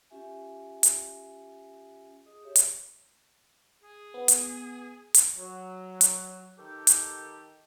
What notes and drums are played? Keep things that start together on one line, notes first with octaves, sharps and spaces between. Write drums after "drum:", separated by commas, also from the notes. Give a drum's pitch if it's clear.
C#4 F4 G4 E5 G#5
drum: hi-hat
G#4 D#5 D#6
G4 C#5 E5
drum: hi-hat
G#4
B3
drum: hi-hat
drum: hi-hat
F#3
drum: hi-hat
D#3 G4 A4
drum: hi-hat